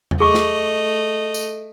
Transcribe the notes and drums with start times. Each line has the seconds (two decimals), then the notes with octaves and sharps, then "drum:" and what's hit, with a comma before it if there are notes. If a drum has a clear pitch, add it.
0.11 drum: tom E2
0.20 A3 G#4 D#5 C#6 D6
0.34 drum: snare
1.34 drum: tambourine